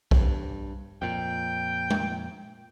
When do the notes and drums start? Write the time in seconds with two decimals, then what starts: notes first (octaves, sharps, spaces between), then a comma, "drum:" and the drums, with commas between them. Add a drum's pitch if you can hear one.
0.11 G2, drum: kick B1
1.02 F2 A#2 G5
1.90 drum: tom G#3